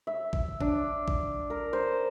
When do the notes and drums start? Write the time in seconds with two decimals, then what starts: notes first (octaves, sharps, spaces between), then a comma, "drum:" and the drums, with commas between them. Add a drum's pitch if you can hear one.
0.07 E5
0.33 drum: kick A1
0.61 D4, drum: kick A1
1.08 drum: kick A1
1.50 A#4
1.73 C5